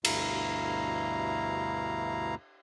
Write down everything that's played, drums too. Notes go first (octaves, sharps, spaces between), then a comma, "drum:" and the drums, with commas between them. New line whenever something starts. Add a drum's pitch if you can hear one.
D2 G2 B2 E4 F5 A#5, drum: cymbal